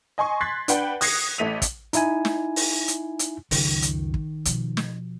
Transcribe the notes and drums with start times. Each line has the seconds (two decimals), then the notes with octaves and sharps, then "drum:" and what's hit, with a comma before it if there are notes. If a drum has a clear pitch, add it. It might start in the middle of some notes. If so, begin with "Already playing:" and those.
0.18 D#5 G#5 C6 C#6
0.41 C6 F#6 G#6 A6 B6 C7
0.68 D4 B4 F#5 G5, drum: hi-hat
1.01 D#6 F#6 G#6 A#6 C7 C#7, drum: open hi-hat
1.38 A1 A3 B6 D#7 F7
1.62 drum: kick, hi-hat
1.93 D#4 E4 G#5, drum: hi-hat
2.25 drum: snare
2.56 drum: open hi-hat
2.88 drum: hi-hat
3.19 drum: hi-hat
3.51 C#2 F#2 D#3, drum: open hi-hat
3.82 drum: hi-hat
4.14 drum: kick
4.45 B2 F3, drum: hi-hat
4.77 drum: snare